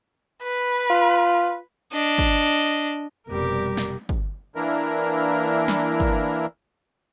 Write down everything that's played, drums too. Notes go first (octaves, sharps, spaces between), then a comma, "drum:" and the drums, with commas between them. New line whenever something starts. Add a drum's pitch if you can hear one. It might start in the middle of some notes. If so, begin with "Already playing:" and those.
B4
F4
D4 D#5
drum: kick
F1 B2 G3 G4 A#4
drum: snare
drum: kick
E3 A#3 D4 E4 A#4
drum: snare
drum: kick